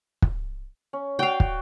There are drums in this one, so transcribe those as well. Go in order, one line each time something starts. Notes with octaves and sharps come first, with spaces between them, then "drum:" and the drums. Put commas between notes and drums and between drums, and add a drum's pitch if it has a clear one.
drum: kick
C#4
F#4 D5 F5 G5
drum: kick